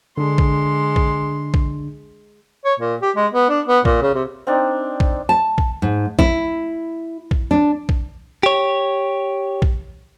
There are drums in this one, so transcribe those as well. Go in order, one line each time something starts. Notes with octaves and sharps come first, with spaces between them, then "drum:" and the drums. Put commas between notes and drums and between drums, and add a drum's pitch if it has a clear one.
D3 G#3 D4 C6
drum: kick
drum: kick
drum: kick
C#5
A#2
G4
G#3
B3
D4
B3
A#2, drum: kick
C#3
C3
C4 D4 D#4
drum: kick
A5
drum: kick
G#2
E4, drum: kick
drum: kick
D4
drum: kick
G4 C#5
drum: kick